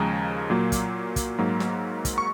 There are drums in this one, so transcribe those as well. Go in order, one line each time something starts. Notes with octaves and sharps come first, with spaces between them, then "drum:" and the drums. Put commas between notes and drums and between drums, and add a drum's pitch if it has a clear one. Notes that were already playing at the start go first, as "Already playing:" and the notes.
Already playing: D#2 C#3 F3 G#3 A#5
A#2 F#3 A#3
drum: kick, hi-hat
drum: kick, hi-hat
G#2 F#3 A#3
drum: snare
drum: kick, hi-hat
C#6